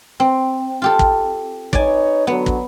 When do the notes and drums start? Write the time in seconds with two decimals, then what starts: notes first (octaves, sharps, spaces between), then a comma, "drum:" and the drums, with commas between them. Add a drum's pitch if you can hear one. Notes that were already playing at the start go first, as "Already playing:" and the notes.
0.20 C4
0.82 F4 G4 A4
0.99 drum: kick
1.73 D#4 B4 C#5 D5 G#5, drum: kick
2.27 D3 F#3 B3
2.46 drum: kick